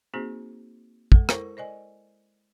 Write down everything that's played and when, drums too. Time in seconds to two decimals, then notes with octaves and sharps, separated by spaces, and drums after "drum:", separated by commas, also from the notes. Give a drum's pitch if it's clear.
0.14 A#3 C4 D#4 F#4 G#4 C5
1.12 G#3 A4, drum: kick
1.29 E4 A4 A#4 C5 C#6, drum: rim click
1.57 C5 D5 D#5 G#5